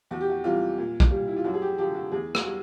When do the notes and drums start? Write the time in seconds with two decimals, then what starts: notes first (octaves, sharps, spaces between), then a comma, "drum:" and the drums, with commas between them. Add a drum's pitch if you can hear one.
0.11 E2 F#4
0.21 G4
0.30 F#4
0.44 C3 E3 G3 F4
0.78 A#2
1.00 drum: kick
1.11 G3
1.28 E4
1.36 F4
1.44 F#2 F#4
1.54 G#4
1.62 G4
1.78 D3 F3 G4
1.95 F#4
2.12 E2 G#4
2.35 F#4, drum: rim click
2.45 G3